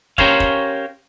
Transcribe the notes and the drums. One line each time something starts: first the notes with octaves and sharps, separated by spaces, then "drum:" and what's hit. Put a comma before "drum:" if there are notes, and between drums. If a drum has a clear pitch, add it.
C#4 G4 A#4 C5 C#5 F5, drum: kick
drum: kick